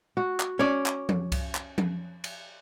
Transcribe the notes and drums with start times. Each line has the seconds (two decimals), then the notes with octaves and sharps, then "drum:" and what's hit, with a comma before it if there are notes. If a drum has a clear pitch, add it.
0.17 F#4
0.40 drum: clap
0.59 C#4 C#5 D5
0.86 drum: clap
1.09 drum: tom F3
1.32 drum: kick C2, cymbal
1.55 drum: clap
1.78 drum: tom F3
2.24 drum: cymbal